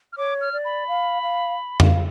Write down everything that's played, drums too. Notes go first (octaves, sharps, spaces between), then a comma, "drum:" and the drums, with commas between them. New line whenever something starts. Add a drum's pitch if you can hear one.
F6
C#5 D6
F6
D5
B5
F5
F5
F5, drum: tom F2